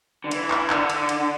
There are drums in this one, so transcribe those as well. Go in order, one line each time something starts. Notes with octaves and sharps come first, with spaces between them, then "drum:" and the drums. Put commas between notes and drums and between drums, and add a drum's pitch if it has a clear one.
D3
E3, drum: cymbal
drum: clap
D3, drum: clap
drum: cymbal
drum: cymbal